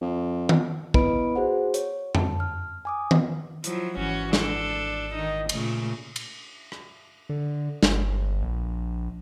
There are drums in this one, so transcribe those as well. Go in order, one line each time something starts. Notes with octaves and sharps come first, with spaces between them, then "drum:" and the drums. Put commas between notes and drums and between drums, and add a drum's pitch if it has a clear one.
F2
drum: tom D#3
B3 E4 B4 D#5 B5 D7, drum: kick
F#4 G#4 C5 F#5
C#5, drum: hi-hat
A5, drum: tom F2
F6
G#5 D6 D#6
drum: tom D#3
F3 F#3 E4, drum: hi-hat
G#1 E3 C#4 F#4
D4 A4, drum: snare
D#3 D#4
A#2 C#3 A3, drum: cymbal
drum: cymbal
drum: rim click
D3
G1, drum: snare
A#1